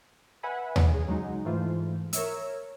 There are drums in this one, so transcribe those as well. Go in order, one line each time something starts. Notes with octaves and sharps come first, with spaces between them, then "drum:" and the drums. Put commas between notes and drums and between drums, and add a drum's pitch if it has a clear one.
B4 E5 F#5 G#5 B5
drum: tom D#2
C#3 G#4
C#3 F#3 G#3 D#4
G#2 E3 A3 F4 C5
A#4 C#5 E5 E6, drum: hi-hat